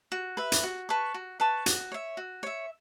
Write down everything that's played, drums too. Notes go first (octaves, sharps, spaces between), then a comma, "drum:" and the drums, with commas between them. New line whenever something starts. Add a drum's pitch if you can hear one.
F#4
B4 E5
drum: hi-hat
F#4
B4 A5 C#6
F#4
B4 A5 C#6
F#4, drum: hi-hat
C#5 E5
F#4
C#5 E5